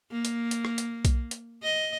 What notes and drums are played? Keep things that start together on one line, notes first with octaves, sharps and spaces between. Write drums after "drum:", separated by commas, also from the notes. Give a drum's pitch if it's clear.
A#3
drum: hi-hat
drum: hi-hat
drum: rim click
drum: hi-hat
drum: kick B1, hi-hat
drum: hi-hat
D#5